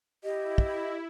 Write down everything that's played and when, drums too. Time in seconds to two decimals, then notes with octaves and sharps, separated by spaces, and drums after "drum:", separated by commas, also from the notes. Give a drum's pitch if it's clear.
0.24 E4 G4 D#5
0.58 drum: kick